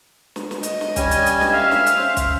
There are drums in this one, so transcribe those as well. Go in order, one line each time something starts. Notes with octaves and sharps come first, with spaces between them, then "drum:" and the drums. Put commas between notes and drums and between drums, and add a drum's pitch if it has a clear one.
drum: snare
drum: snare
D#5, drum: hi-hat
drum: snare
G3 C#4 G#5 G#6, drum: kick, hi-hat
drum: hi-hat
drum: hi-hat
drum: snare
E5 F5
drum: snare
drum: hi-hat
C#4 C5
drum: kick, hi-hat